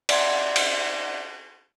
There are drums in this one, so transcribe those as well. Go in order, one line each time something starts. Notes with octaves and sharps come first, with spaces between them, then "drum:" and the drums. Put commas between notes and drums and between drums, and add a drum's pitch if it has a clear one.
D5 E5 F#5 C6 G#6, drum: cymbal
drum: cymbal